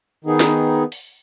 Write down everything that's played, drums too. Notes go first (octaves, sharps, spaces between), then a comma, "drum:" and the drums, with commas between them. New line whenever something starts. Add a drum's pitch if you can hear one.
D#3 B3 D#4 G#4
drum: snare
drum: open hi-hat